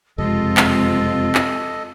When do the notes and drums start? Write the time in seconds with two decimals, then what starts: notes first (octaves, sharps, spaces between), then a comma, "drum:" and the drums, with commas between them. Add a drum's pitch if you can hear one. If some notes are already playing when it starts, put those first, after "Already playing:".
0.18 F#1 F2 C3 G#3 C4 F4 A4 D#5
0.57 drum: clap
1.35 drum: clap